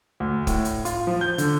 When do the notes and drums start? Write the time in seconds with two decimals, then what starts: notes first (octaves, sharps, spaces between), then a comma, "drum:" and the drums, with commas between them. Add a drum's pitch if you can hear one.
0.20 D2
0.47 A2, drum: kick, hi-hat
0.65 drum: hi-hat
0.85 F4, drum: hi-hat
1.07 F3
1.21 G6
1.38 D3, drum: hi-hat